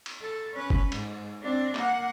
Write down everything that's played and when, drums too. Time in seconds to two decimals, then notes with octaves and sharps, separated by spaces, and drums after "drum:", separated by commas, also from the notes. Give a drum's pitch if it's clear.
0.06 drum: cymbal
0.21 A4
0.54 C#4 B4
0.70 drum: kick
0.92 G#2, drum: cymbal
1.42 C4 D4
1.75 A#3 F#5, drum: clap